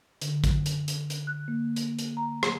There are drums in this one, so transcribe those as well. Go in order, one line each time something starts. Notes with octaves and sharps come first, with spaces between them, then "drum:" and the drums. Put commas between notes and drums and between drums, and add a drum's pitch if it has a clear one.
D3, drum: hi-hat
drum: kick, hi-hat
drum: hi-hat
drum: hi-hat
drum: hi-hat
F#6
A#3
drum: hi-hat
drum: hi-hat
A#5
drum: rim click